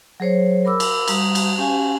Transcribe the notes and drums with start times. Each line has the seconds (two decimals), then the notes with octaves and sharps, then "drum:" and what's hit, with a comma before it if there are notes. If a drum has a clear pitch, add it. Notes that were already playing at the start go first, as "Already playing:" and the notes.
0.20 F#3 G#4 C5 C#5
0.65 A#4 B5 D6 E6
0.80 drum: cymbal
1.08 G3 A#5 D#6, drum: cymbal
1.35 drum: cymbal
1.58 C#4 G4 F5 G#5